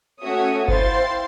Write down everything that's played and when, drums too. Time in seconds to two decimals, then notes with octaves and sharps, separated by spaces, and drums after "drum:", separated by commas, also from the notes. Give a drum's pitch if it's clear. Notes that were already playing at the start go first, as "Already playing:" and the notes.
0.22 A3 C#4 F#4 C#5 E5 D#6
0.68 E4 C5 F5 G5 C6 A6, drum: kick G1